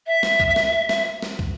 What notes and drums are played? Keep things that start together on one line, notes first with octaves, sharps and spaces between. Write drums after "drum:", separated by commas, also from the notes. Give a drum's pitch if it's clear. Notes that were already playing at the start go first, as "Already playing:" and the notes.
E5
drum: snare
drum: kick
drum: snare
drum: snare
drum: snare
drum: kick